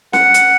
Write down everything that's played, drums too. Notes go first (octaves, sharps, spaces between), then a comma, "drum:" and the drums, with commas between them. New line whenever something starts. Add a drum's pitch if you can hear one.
F#5, drum: snare
drum: hi-hat